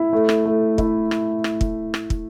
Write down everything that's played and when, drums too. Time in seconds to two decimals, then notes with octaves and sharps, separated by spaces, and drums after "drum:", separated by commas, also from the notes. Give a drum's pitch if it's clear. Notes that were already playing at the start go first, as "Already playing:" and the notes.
Already playing: E4
0.13 A3
0.29 drum: rim click
0.45 A3
0.78 E4, drum: kick
1.11 drum: rim click
1.44 drum: rim click
1.61 drum: kick
1.94 drum: rim click
2.10 drum: kick